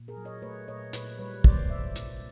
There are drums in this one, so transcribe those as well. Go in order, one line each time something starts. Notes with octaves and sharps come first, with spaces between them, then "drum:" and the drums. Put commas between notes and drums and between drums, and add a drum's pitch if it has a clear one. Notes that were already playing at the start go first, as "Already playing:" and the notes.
Already playing: A#2
G#4 A#4
F#3
C#5 D#5
A3 B4 C#5
A#2 C#5 D#5
A#2 B4 C#5, drum: hi-hat
G3 B4 C#5
A#3 C5 D5, drum: kick
A#2 D5 E5
C3, drum: hi-hat